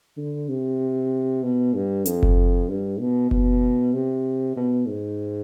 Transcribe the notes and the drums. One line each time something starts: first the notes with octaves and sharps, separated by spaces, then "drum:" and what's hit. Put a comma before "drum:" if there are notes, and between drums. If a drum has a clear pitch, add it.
D3
C3
B2
G2
F2, drum: hi-hat
drum: kick F#1
G2
B2
B2, drum: kick F#1
C3
B2
G#2